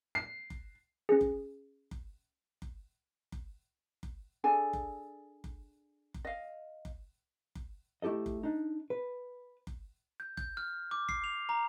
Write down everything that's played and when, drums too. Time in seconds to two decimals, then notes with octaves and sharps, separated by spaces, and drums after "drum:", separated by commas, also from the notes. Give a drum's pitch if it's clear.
0.15 C7
0.50 drum: kick F#1
1.09 C#4 G#4
1.21 drum: kick F#1
1.91 drum: kick F#1
2.62 drum: kick F#1
3.32 drum: kick F#1
4.03 drum: kick F#1
4.44 D4 G#4 A4 G#5
4.73 drum: kick F#1
5.44 drum: kick F#1
6.14 drum: kick F#1
6.25 D#5 F5
6.85 drum: kick F#1
7.55 drum: kick F#1
8.02 A3 E4 G4 A4 D#5
8.26 drum: kick F#1
8.43 D4 D#4
8.90 B4
9.67 drum: kick F#1
10.20 G6
10.37 G6, drum: kick F#1
10.57 F6
10.91 D6
11.09 C7, drum: kick F#1
11.24 F7
11.49 A#5